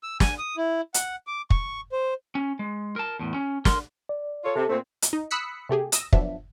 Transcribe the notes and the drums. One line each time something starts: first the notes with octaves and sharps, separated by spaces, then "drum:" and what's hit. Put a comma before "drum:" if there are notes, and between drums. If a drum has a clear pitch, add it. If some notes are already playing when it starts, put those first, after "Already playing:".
E6
G#5, drum: snare
D#6
E4
F#5, drum: hi-hat
D6
C#6, drum: kick
C5
C#4
G#3
A#4 A5
E2 A2
C#4
A#4 C6, drum: snare
D5
F4 A4 C#5
C3 A4
A#2 A3 C4
drum: hi-hat
D#4
B5 D#6 E6 F#6 B6 C#7
C3 A3 G4 G#4
D#6 E6 A#6, drum: hi-hat
F3 F#3 B3 D4 E5, drum: kick